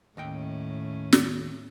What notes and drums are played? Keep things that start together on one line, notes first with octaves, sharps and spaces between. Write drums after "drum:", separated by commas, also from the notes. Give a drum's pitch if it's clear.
D#2 A2 C#4 D#5 G5
drum: snare